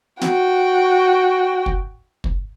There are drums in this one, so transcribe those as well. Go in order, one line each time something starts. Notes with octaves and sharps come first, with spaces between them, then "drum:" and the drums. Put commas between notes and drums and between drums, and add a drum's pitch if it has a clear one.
F#4 G5, drum: snare
drum: kick
drum: kick